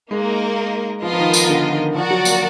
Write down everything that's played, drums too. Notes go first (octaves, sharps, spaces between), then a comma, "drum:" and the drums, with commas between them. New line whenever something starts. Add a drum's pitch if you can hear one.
G#3 A#3 D#4 A#4
F3 B3 F4 A#4 D#5
F3
D#3
D#3, drum: tambourine
D3
D#3
F3 F#4 A#4 D5 F#5
F#3
A#3, drum: tambourine